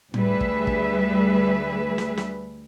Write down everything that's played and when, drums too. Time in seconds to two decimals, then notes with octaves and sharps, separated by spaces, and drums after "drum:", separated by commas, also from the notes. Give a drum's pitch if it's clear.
0.14 D2 G3 G#4 B4 E5, drum: tom A2
0.41 drum: kick
0.67 drum: kick
1.98 drum: snare
2.17 drum: snare